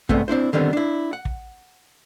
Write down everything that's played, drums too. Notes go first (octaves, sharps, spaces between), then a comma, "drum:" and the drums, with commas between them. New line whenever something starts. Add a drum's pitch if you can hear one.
C2 G2 G#3 A3 B3 C4, drum: kick
C4 D4 E4 C5
D3 D#3 G3 G#3 B3 C4
D4 E4
F#5
drum: kick